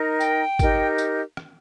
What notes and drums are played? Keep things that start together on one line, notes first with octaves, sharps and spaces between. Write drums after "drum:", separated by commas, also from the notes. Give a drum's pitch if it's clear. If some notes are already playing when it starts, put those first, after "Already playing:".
Already playing: D#4 A#4
G5, drum: tambourine
D#4 G4 A#4, drum: kick G#1, tambourine
drum: tambourine
drum: rim click